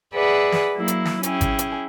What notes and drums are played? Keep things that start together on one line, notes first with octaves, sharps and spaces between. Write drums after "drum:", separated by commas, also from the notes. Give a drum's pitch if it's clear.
G#4 B4 D5 E5 F#5
drum: snare
F#3 A#3 E4
drum: hi-hat
drum: snare
C#4 E4 G#4 G5, drum: hi-hat
drum: kick G#1, hi-hat
drum: hi-hat